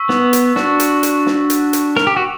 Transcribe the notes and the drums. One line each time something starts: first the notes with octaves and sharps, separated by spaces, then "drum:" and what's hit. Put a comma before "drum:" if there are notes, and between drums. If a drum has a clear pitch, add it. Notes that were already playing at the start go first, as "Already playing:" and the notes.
Already playing: C#6 E6 B6
B3, drum: snare
drum: hi-hat
D4 F#4, drum: snare
drum: hi-hat
drum: hi-hat
drum: snare
drum: hi-hat
drum: hi-hat
A#4, drum: snare
G4
F#4